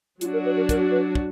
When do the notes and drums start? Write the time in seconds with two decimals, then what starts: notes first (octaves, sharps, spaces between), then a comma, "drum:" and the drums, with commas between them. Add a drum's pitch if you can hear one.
0.21 F#3 D4 F4 F#4, drum: hi-hat
0.33 A#4
0.46 B4
0.57 A#4
0.69 A#4, drum: kick, hi-hat
0.91 B4
1.15 drum: kick